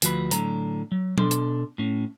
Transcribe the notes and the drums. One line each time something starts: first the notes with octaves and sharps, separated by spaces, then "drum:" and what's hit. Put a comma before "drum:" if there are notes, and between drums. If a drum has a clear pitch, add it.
D2 F3 F#4 B4 B5, drum: hi-hat
A2 D3 F#3 A#5, drum: hi-hat
F#3
B2 D4 A4 C6, drum: tom F#3
drum: hi-hat
A2 C#4